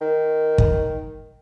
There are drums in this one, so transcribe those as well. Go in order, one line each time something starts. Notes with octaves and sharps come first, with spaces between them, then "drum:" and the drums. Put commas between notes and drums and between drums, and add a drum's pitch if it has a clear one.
D#3
drum: kick